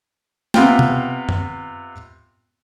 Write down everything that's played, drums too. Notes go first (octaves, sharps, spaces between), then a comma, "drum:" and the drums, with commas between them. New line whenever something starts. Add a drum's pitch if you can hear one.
C3 B3 F4 G5, drum: snare
drum: tom C3
drum: tom F#2